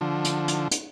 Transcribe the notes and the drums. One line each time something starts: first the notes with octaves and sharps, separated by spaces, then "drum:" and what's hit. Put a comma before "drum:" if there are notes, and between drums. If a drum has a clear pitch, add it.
D3 F3
drum: hi-hat
drum: hi-hat
drum: hi-hat